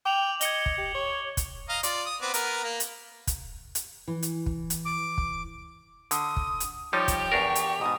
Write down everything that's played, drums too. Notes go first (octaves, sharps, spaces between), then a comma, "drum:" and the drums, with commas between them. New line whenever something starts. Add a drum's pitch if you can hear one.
G5 D6 F7 F#7
D#5 G#6 C#7 G7, drum: hi-hat
drum: kick
G4
C#5
drum: kick, hi-hat
D#5 F5 A#5
F4 D5, drum: hi-hat
D#6
B3 C4 D6
B3 A#4, drum: hi-hat
A#3
drum: hi-hat
drum: kick, hi-hat
drum: hi-hat
E3
drum: hi-hat
drum: kick
drum: hi-hat
D6
drum: kick
D3 D#6, drum: hi-hat
drum: kick
drum: hi-hat
F3 G3 D#4 G4 C#5
drum: kick, hi-hat
E2 D4 A#4 C#6
drum: hi-hat
G#2 B2 D#6